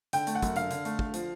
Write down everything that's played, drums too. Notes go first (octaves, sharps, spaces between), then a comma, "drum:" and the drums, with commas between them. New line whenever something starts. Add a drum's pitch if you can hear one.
D3 G5, drum: hi-hat
A3, drum: hi-hat
F#5
F#2, drum: kick, hi-hat
D3 F5, drum: hi-hat
D3, drum: hi-hat
A3, drum: hi-hat
D3, drum: kick
F3, drum: hi-hat